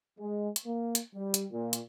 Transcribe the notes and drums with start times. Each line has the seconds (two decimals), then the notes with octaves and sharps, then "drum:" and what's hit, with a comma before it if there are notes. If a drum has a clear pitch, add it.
0.19 G#3
0.56 drum: hi-hat
0.66 A#3
0.95 drum: hi-hat
1.14 G3
1.34 drum: hi-hat
1.51 A#2
1.73 drum: hi-hat